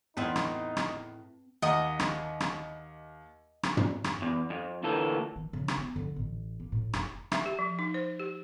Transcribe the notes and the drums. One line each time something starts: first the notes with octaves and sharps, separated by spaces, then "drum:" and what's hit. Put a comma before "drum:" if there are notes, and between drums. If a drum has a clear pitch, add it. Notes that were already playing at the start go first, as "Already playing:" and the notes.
E2 A2 C4 D#4 B4 F#5
drum: rim click
drum: rim click
D#2 D#5 F#5 A#5
drum: rim click
drum: rim click
drum: rim click
drum: tom
drum: rim click
E2
F2
D2 A#2 E3 A4
D#3
C#3
drum: rim click
B3
D3
A1
A#3
A2
F1, drum: rim click
E5, drum: rim click
G4
F3
D#4
C5
G4